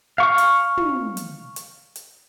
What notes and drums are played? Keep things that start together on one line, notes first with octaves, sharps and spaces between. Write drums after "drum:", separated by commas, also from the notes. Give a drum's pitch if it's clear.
F5 C#6
drum: hi-hat
drum: tom
drum: hi-hat
drum: hi-hat
drum: hi-hat